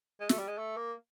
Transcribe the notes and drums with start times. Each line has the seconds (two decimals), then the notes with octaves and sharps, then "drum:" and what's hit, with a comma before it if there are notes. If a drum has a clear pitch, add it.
0.20 G#3
0.29 A3, drum: snare
0.39 G3
0.48 G#3
0.58 A3
0.76 A#3